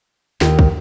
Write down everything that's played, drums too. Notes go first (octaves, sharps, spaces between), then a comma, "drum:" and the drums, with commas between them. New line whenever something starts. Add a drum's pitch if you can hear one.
D#2, drum: snare
drum: kick